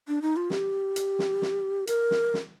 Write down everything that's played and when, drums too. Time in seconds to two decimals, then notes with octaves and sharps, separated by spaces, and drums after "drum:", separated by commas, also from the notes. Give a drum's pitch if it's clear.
0.08 D4
0.22 D#4
0.37 F4
0.50 G4, drum: snare
0.96 drum: hi-hat
1.19 drum: snare
1.42 drum: snare
1.87 A#4, drum: hi-hat
2.11 drum: snare
2.34 drum: snare